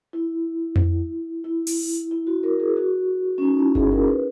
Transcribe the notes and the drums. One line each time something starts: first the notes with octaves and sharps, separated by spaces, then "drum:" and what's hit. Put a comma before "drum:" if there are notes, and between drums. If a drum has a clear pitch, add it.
E4
drum: tom F2
E4
drum: open hi-hat
E4
F#4
A#4
G#4
F#4
C#4
D#4
E4
G#4, drum: kick G1
A#4
B4